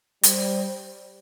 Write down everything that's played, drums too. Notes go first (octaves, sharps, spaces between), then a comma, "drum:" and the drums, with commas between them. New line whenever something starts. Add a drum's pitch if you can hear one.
G3 C5, drum: hi-hat